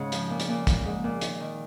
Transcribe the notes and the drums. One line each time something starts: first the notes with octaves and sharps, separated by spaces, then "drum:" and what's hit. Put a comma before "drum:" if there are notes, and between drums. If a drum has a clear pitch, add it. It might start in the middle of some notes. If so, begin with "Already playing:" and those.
Already playing: G#2 C#3
F3, drum: hi-hat
A#2
drum: hi-hat
A#2
drum: kick, hi-hat
G#2
A#2
D#3, drum: hi-hat
D#3